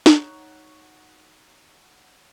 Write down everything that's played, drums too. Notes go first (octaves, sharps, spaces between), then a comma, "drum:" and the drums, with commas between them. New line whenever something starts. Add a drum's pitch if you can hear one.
D#4 F#4 C#5, drum: snare